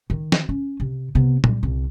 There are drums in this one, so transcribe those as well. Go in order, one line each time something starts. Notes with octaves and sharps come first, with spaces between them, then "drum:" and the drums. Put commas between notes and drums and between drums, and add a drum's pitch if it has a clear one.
D#3
drum: snare
C#4
C3
C3 B3
G3, drum: tom A#2
C2